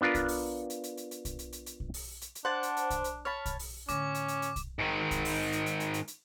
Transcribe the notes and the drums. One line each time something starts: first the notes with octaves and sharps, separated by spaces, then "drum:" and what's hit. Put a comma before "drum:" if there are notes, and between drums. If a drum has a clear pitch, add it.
B3 D4 F4 A#4 B4
drum: kick, hi-hat
drum: open hi-hat
drum: hi-hat
drum: hi-hat
drum: hi-hat
drum: hi-hat
drum: kick, hi-hat
drum: hi-hat
drum: hi-hat
drum: hi-hat
drum: kick
drum: open hi-hat
drum: hi-hat
drum: hi-hat
D4 C5 F#5 A5
drum: hi-hat
drum: hi-hat
drum: kick, hi-hat
drum: hi-hat
C#5 A5 B5 F6
drum: kick, hi-hat
drum: open hi-hat
A2 D3 C#4 D6, drum: hi-hat
drum: hi-hat
drum: hi-hat
drum: hi-hat
drum: kick, hi-hat
G#2 D#3
drum: kick, hi-hat
drum: open hi-hat
drum: hi-hat
drum: hi-hat
drum: hi-hat
drum: hi-hat
drum: hi-hat